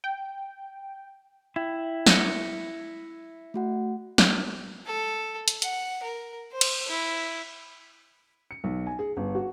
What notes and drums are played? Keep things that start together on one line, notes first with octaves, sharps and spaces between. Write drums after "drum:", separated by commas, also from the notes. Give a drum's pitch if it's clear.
G5
E4 G5
A#6 C#7, drum: snare
A3 F#4 F#5
drum: snare
A4
drum: hi-hat
F#5, drum: hi-hat
A#4
C5
drum: cymbal
E4
C#7
B1
G#5
G#4
G1
F#4